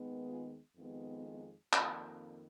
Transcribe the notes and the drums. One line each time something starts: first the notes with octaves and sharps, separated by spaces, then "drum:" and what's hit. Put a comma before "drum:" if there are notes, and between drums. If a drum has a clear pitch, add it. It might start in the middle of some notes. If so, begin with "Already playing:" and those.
Already playing: D#2 D#3 G#3 B3
F4 G#4
F2 D#3 G#3 B3
B3 D#4
F2 D#3 A#3 C#4 F4, drum: clap